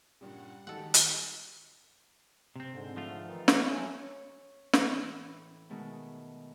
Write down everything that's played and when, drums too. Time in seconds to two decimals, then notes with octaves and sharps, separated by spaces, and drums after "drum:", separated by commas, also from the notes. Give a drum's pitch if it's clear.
0.21 G2 A#2 C#3 G3 F#5
0.67 D#3 G#3 D#4 F#4 G4 A4 F#5
0.94 drum: hi-hat
2.56 C3 C4
2.71 G#2 D3
2.96 F3 A3 F4
3.25 D#3 E3 D#4
3.48 F#3 F5, drum: snare
3.67 F#3 A3 C#4
4.02 C#5
4.73 A2 E3, drum: snare
5.70 B2 D#3 G#3 A3